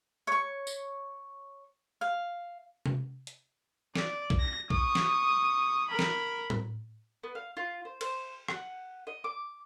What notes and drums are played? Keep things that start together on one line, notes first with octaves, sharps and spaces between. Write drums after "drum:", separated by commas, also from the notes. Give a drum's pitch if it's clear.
C#5 C#6
drum: tambourine
F5
drum: tom C3
drum: hi-hat
D5, drum: snare
drum: kick
A#6
C#6 D#6, drum: kick
drum: snare
A#4 B5
drum: snare
drum: tom A2
B3
F5
F4
C5
C5, drum: cymbal
F#5, drum: rim click
D#5
D6